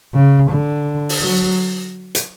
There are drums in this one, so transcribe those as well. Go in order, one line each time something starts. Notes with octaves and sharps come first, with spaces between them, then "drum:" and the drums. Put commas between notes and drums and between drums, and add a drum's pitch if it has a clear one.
C#3
D3
drum: open hi-hat
F#3
drum: hi-hat